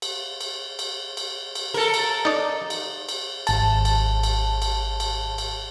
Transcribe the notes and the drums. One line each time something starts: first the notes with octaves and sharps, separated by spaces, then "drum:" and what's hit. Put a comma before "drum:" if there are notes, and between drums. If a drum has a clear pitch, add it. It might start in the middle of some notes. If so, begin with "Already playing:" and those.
drum: cymbal
drum: cymbal
drum: cymbal
drum: cymbal
drum: cymbal
A4 A#4
drum: cymbal
D#4 D5
drum: cymbal
drum: cymbal
G#1 A5, drum: cymbal
drum: cymbal
drum: cymbal
drum: cymbal
drum: cymbal
drum: cymbal